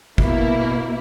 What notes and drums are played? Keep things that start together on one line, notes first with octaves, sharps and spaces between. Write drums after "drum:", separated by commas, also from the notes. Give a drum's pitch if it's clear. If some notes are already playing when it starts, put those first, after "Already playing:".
B2 A#3 E4, drum: kick